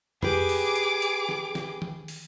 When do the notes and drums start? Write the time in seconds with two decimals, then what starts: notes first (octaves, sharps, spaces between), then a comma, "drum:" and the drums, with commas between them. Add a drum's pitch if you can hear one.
0.23 G4 G#4 B4 D6, drum: tom F2
0.49 drum: open hi-hat
0.76 drum: hi-hat
1.02 drum: hi-hat
1.29 drum: snare
1.55 drum: snare
1.82 drum: tom D#3
2.08 drum: open hi-hat